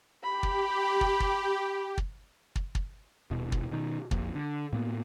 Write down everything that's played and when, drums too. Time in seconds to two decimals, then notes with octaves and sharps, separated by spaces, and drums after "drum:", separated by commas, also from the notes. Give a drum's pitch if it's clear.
0.23 G4 B5
0.43 drum: kick
1.01 drum: kick
1.20 drum: kick
1.98 drum: kick
2.56 drum: kick
2.75 drum: kick
3.31 D#1 B2
3.52 drum: kick
3.71 B2 D#3
4.11 A#1 F2 A#2, drum: kick
4.35 D3
4.73 A2 A#3 B3